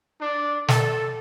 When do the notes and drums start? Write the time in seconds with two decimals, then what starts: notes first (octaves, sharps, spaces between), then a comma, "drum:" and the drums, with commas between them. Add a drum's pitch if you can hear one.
0.21 D4
0.68 A4, drum: snare